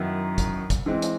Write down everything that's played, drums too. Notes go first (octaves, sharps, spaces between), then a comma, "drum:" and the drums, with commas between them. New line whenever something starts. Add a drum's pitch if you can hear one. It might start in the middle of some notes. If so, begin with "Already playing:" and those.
Already playing: F#2 D#3 F#3 B3 E4
drum: kick, hi-hat
drum: kick, hi-hat
E3 G#3 C4
drum: hi-hat